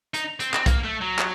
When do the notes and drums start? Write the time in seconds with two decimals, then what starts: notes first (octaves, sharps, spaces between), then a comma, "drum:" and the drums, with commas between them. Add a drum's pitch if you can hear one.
0.14 D#4, drum: hi-hat
0.40 C4, drum: hi-hat
0.54 C4, drum: clap
0.66 A#3, drum: kick B1, hi-hat
0.84 A3
1.01 F#3
1.19 drum: clap